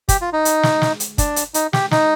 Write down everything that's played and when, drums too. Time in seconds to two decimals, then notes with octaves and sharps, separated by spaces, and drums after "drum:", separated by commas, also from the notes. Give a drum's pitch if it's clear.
0.09 G4, drum: kick, hi-hat
0.21 F4
0.33 D#4
0.45 drum: hi-hat
0.63 drum: snare
0.82 drum: snare
1.00 drum: hi-hat
1.18 D4, drum: kick, hi-hat
1.36 drum: hi-hat
1.54 D#4, drum: hi-hat
1.73 G4, drum: snare
1.91 D#4, drum: snare